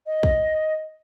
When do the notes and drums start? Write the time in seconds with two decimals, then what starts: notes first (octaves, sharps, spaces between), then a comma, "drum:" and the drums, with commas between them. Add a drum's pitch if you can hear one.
0.06 D#5
0.23 drum: kick